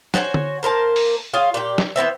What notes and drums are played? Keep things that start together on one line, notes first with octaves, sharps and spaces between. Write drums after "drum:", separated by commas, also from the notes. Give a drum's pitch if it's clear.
F#4 C5 C#5 G#5, drum: snare
drum: tom D3
A#3 A#4 C5 A5
drum: open hi-hat
F4 G#4 C#5 F5
A#2 G4
drum: snare
E3 B3 C4 E5